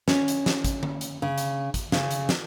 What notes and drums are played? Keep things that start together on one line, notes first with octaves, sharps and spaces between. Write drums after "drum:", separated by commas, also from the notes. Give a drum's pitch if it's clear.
C#4, drum: snare
drum: hi-hat
drum: snare
drum: kick, hi-hat
drum: tom D3
drum: hi-hat
C#3
drum: hi-hat
drum: kick, hi-hat
C#3, drum: snare
drum: hi-hat
drum: snare